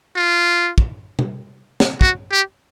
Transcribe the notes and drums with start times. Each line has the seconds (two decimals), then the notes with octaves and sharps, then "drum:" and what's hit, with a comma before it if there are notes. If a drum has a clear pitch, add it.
0.16 F4
0.78 drum: kick
1.19 drum: tom
1.80 drum: snare
2.01 F#4, drum: kick
2.32 G4